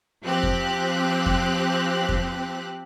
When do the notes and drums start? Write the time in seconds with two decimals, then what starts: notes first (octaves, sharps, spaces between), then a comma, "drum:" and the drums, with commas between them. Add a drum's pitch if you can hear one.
0.22 F3 C4 G4 F#6
0.43 drum: kick F2
1.26 drum: kick F2
2.09 drum: kick F2